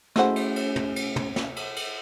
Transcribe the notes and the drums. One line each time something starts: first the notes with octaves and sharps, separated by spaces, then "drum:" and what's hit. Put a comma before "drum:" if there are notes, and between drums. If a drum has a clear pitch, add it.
A3 C#4 E4 F#4 G#4 C5 D#5 F#5, drum: snare
drum: cymbal
drum: cymbal
drum: tom
drum: cymbal
drum: tom
drum: snare
drum: cymbal
drum: cymbal